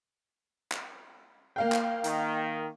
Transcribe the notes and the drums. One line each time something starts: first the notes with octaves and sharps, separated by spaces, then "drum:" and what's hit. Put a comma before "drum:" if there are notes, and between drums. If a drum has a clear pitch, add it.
drum: clap
A#3 F5 G5
drum: clap
D#3, drum: hi-hat